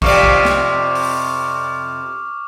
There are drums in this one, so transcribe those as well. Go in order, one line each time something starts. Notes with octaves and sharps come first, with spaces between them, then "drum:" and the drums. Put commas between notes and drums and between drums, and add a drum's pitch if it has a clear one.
F2 C3 D5 C#6 D6 F6, drum: kick
drum: kick
drum: snare
drum: open hi-hat